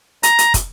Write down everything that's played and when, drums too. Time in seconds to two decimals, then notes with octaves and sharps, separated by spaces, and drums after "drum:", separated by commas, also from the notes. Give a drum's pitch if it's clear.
0.23 A#5, drum: hi-hat
0.39 drum: hi-hat
0.54 drum: kick, hi-hat